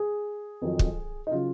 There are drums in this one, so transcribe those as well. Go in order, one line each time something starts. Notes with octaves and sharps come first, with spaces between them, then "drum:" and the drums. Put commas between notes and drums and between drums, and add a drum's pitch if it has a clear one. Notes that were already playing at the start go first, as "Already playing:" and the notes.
Already playing: G#4
F2 D#3 F#3
drum: kick
D#4
C#3 F#3 F4